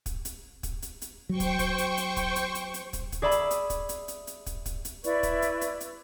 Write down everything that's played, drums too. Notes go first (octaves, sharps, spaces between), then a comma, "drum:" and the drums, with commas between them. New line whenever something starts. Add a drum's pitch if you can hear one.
drum: kick, hi-hat
drum: hi-hat
drum: kick, hi-hat
drum: hi-hat
drum: hi-hat
F#3 C5 G5 C#6
drum: kick, hi-hat
drum: kick, hi-hat
drum: hi-hat
drum: hi-hat
drum: kick, hi-hat
drum: hi-hat
drum: hi-hat
drum: hi-hat
drum: kick, hi-hat
drum: kick, hi-hat
G#4 D5 E5 B5
drum: hi-hat
drum: hi-hat
drum: kick, hi-hat
drum: hi-hat
drum: hi-hat
drum: hi-hat
drum: kick, hi-hat
drum: kick, hi-hat
drum: hi-hat
E4 B4 D5 C#6, drum: hi-hat
drum: kick, hi-hat
drum: hi-hat
drum: hi-hat
drum: hi-hat